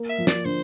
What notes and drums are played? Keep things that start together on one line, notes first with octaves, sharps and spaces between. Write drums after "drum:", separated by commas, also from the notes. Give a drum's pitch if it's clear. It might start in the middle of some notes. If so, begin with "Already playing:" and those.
Already playing: A#3
E5
F3
D5, drum: snare
D3 C5